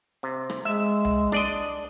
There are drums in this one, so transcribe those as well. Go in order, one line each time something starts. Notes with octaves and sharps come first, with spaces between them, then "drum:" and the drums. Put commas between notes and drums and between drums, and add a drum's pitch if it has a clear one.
C3
drum: rim click
G#3 E5
drum: tom C2
D4 D5 D#5, drum: rim click